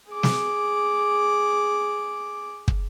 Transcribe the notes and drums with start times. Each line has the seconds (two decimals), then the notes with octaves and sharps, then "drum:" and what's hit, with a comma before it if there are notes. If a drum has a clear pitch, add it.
0.12 G#4 D6
0.23 drum: snare
2.68 drum: kick